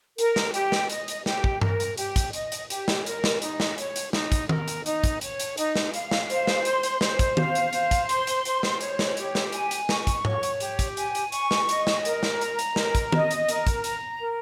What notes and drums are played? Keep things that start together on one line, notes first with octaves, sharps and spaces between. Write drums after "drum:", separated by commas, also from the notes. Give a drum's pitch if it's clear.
A#4, drum: hi-hat
drum: snare
G4, drum: hi-hat
drum: snare
D#5, drum: hi-hat
drum: hi-hat
G4, drum: snare
drum: kick
A#4, drum: tom G2
drum: hi-hat
G4, drum: hi-hat
drum: kick, hi-hat
D#5, drum: hi-hat
drum: hi-hat
G4, drum: hi-hat
drum: snare
A#4, drum: hi-hat
drum: snare
D#4, drum: hi-hat
drum: snare
C#5, drum: hi-hat
drum: hi-hat
D#4, drum: snare
drum: kick, hi-hat
A#4, drum: tom D#3
drum: hi-hat
D#4, drum: hi-hat
drum: kick, hi-hat
C#5, drum: hi-hat
drum: hi-hat
D#4, drum: hi-hat
drum: snare
F5, drum: hi-hat
drum: snare
C5, drum: hi-hat
drum: snare
C6, drum: hi-hat
drum: hi-hat
C5, drum: snare
drum: kick, hi-hat
F5, drum: tom
drum: hi-hat
C5, drum: hi-hat
drum: kick, hi-hat
C6, drum: hi-hat
drum: hi-hat
C5, drum: hi-hat
drum: snare
C#5, drum: hi-hat
drum: snare
G4, drum: hi-hat
drum: snare
G#5, drum: hi-hat
drum: hi-hat
C#6, drum: snare
drum: kick, hi-hat
C#5, drum: tom G#2
drum: hi-hat
G4, drum: hi-hat
drum: kick, hi-hat
G#5, drum: hi-hat
drum: hi-hat
C#6, drum: hi-hat
drum: snare
D#5, drum: hi-hat
drum: snare
A#4, drum: hi-hat
drum: snare
A#5, drum: hi-hat
drum: hi-hat
A#4, drum: snare
drum: kick, hi-hat
D#5, drum: tom
drum: hi-hat
A#4, drum: hi-hat
drum: kick, hi-hat
A#5, drum: hi-hat
A#4